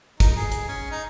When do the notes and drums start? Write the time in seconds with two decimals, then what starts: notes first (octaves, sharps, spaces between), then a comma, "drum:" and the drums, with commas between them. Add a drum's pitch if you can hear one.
0.20 D#4, drum: kick, hi-hat
0.37 G#4
0.52 drum: hi-hat
0.68 C#4
0.91 D#4